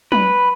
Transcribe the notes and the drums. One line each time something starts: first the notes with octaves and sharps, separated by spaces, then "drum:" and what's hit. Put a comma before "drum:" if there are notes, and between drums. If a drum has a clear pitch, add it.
B4, drum: tom F#3